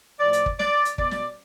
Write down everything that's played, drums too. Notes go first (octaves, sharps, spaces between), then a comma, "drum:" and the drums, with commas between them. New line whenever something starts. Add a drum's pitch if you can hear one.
A2 F3 D5
drum: hi-hat
drum: kick
D5, drum: snare
drum: hi-hat
B2 D5, drum: kick
drum: snare